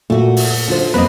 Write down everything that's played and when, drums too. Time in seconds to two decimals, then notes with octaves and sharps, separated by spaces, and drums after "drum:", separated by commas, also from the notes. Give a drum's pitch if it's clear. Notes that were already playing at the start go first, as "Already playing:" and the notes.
0.10 A#2 A3 F#4
0.37 drum: open hi-hat
0.68 D3 F4 C5
0.94 F2 A#3 C4 B4 D#5